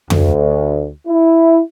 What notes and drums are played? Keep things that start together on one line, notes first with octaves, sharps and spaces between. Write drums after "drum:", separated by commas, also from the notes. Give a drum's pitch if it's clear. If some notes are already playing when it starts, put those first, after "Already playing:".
D2, drum: tom F2
E4